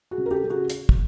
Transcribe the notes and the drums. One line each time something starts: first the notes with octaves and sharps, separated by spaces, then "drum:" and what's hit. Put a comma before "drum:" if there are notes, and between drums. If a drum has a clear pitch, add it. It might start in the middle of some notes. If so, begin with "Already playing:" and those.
F#4 G#4
C#3
A#4
G4 A4
C#3
F#4 G#4
drum: hi-hat
drum: kick